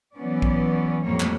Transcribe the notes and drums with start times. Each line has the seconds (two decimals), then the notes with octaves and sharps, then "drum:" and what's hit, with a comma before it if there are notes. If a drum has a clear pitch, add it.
0.16 E3 F#3 B3 C#4 D5
0.42 drum: kick
1.04 F2 A2 F#3 G3 A#3 C#5
1.20 drum: clap